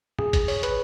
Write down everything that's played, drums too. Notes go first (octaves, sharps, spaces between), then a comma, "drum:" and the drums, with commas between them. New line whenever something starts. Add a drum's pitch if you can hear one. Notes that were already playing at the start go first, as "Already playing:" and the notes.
G#4, drum: tom
drum: kick G#1, hi-hat
C#5, drum: open hi-hat
B4, drum: hi-hat